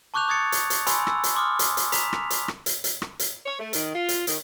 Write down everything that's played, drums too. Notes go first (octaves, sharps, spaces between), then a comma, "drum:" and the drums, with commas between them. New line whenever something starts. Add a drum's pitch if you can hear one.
A5 C#6 D6 F#6 G6 F7
C#6 D#6 G#6 A6 C#7
drum: hi-hat
drum: hi-hat
G#5 B5 C6 E6, drum: hi-hat
E6, drum: rim click
drum: hi-hat
C6 D6 D#6 F6
drum: hi-hat
drum: hi-hat
A#5 B6 F7, drum: hi-hat
drum: rim click
drum: hi-hat
drum: rim click
drum: hi-hat
drum: hi-hat
drum: rim click
drum: hi-hat
C#5
A3
D#3, drum: hi-hat
F4
drum: hi-hat
D#3, drum: hi-hat